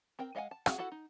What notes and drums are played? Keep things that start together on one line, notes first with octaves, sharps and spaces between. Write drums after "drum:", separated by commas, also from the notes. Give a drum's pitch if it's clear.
C4 A#4 G5
G#3 D#5 F5 F#5 G#5
A5
C4 F#4 G#4 F#5, drum: rim click
E4 F#4 A4 F#5
D#4